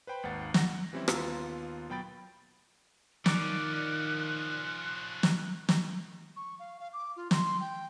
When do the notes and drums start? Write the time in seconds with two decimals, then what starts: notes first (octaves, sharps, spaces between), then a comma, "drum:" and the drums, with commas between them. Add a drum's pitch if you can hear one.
0.07 B4 C5 G5 B5
0.23 G#1 D#2 F#5 A6
0.54 F#5 A#6, drum: snare
0.93 E3 G3 C4 C#4 E4
1.08 D#2 B3 F4 A#5 E6 E7, drum: rim click
1.89 B2 F#3 G5 B5 A6 D7
3.26 D#3 F3 C#4 D5 F#6, drum: snare
5.23 drum: snare
5.69 drum: snare
6.36 C#6
6.59 F5
6.80 F5
6.93 D6
7.17 F4
7.31 C6, drum: snare
7.60 G5